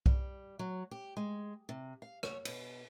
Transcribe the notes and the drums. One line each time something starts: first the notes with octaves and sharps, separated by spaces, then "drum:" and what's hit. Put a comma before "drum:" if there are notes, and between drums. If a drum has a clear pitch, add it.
G3, drum: kick B1
F#3
G4
G#3
C3
F5
C#5, drum: rim click
B2, drum: cymbal